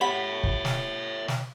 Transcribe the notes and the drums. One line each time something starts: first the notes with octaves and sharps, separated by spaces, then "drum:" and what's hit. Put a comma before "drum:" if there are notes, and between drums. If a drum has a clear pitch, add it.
G4 C#5 E5 F#5 B5
drum: kick
drum: snare
drum: snare